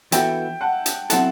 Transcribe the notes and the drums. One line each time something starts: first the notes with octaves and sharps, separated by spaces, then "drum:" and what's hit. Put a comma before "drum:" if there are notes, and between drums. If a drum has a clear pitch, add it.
E3 B3 F#4 A4 E5 G5, drum: hi-hat
F#5 A5
drum: hi-hat
B2 F#3 C4 E4 A4 F#5 A5, drum: hi-hat